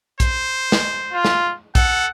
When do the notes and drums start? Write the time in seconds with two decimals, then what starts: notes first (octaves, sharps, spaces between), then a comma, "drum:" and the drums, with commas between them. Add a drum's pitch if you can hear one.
0.20 C5, drum: kick A#1, hi-hat
0.72 drum: snare
1.13 F4
1.25 drum: snare
1.75 A4 F#5, drum: kick A#1, hi-hat